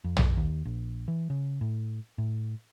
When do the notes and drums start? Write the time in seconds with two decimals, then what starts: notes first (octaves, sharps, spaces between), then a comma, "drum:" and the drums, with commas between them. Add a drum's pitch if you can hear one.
0.04 F2
0.17 drum: tom
0.37 D#2
0.65 A#1
1.08 E3
1.30 C#3
1.61 A2
2.18 A2